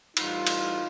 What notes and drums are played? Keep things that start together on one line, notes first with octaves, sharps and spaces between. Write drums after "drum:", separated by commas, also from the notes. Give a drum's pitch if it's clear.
A2 E3 G3 D#4 F4, drum: cymbal
drum: cymbal